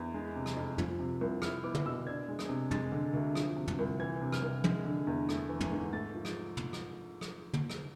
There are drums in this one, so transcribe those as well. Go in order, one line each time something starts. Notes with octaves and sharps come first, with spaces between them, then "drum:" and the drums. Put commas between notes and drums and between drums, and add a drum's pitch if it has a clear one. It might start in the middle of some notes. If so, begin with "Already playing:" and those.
Already playing: E2
G#3
C3
drum: rim click
F2
F3, drum: tom
C3
C2
E4 F6, drum: rim click
B3 D6
drum: tom
B2 E6
D4 G#6
G#3
drum: rim click
C3
G#3 A6, drum: tom
D3
D2
F3, drum: rim click
C3
drum: tom
C2
E3 G#6
C3
F6, drum: rim click
C2
G#3, drum: tom
D3
E2
A3, drum: rim click
E3
drum: tom
G#2
A3 A6
F3
drum: rim click
drum: tom
drum: rim click
drum: rim click
drum: tom
drum: rim click